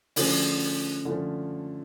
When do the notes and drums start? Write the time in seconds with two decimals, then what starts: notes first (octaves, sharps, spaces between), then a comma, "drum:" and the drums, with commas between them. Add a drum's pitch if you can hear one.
0.16 D3 F3 A3 C#4, drum: open hi-hat
1.05 D3 F3 A3 C#4